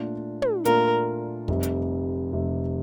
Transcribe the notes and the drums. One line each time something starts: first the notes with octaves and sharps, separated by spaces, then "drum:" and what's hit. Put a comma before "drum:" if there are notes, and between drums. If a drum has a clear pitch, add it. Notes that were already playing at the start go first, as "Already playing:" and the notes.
Already playing: A#2 A3 D4 F4
drum: tom
A#2 A3 D4 F4 A#4, drum: hi-hat
F1 F2 C3 G3, drum: kick
drum: hi-hat
F1 F2 C3 G3